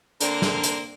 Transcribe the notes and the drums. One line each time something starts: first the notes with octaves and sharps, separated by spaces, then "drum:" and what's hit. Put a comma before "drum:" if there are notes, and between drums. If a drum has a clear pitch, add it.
D3 A#3 C4 D4 A#4 C6, drum: hi-hat
drum: snare
drum: hi-hat